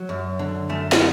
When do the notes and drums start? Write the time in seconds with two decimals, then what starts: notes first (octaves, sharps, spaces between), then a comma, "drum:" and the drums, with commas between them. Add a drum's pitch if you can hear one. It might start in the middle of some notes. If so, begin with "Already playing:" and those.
Already playing: F#3
0.09 F#2
0.39 D3
0.69 F#2 A3
0.92 drum: snare